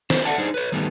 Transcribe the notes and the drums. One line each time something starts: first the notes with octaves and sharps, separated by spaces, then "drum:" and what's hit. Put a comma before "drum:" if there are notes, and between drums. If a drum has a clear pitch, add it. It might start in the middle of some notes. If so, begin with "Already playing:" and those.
C5, drum: snare
A4 D5 E5 F#5 A5
D4 D#4 G#4 C5
B4 C#5
D#3 G3 A3 B3